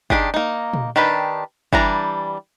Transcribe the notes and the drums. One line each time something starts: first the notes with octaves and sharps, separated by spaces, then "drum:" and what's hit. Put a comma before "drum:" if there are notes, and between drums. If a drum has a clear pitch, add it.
D#3 E3 D4 G4 G#4, drum: kick
A#3 D#4
drum: tom A#2
D#3 D4 G4 B4 G5
E3 G3 D4 A#5, drum: kick